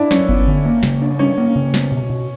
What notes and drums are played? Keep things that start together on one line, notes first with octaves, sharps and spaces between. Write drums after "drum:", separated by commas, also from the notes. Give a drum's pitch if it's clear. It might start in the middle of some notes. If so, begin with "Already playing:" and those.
Already playing: D4 E4
F#3 C#4, drum: snare
B3, drum: kick G1
D3
A#3
C#3, drum: snare
D4
G3 C#4
A#3
C#3
B3, drum: snare
B2
B2